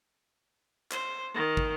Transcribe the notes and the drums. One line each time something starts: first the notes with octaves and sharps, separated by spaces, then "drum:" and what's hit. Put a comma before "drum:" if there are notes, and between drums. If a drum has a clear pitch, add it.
C5, drum: clap
D#3
drum: kick